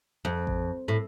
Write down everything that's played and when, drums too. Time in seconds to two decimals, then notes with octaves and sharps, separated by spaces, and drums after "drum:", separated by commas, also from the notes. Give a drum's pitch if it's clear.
0.25 F2
0.47 drum: kick A1
0.88 A2